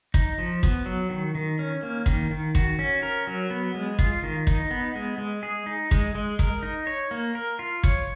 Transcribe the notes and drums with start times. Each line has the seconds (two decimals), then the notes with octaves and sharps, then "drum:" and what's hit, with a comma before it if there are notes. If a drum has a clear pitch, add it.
0.14 D#4, drum: kick
0.38 F3
0.63 B3, drum: kick
0.86 F#3
1.10 D#3
1.35 D#3
1.59 C#4
1.83 A#3
2.06 D#3, drum: kick
2.31 D#3
2.55 F#4, drum: kick
2.79 C#4
3.03 A#4
3.27 F#3
3.50 B3
3.75 G#3
3.99 F4, drum: kick
4.23 D#3
4.47 D#4, drum: kick
4.71 B3
4.95 G#3
5.18 G#3
5.43 G#4
5.66 D#4
5.91 G#3, drum: kick
6.15 G#3
6.39 A#4, drum: kick
6.63 D#4
6.87 C#5
7.11 A#3
7.35 A#4
7.59 F4
7.83 C#5, drum: kick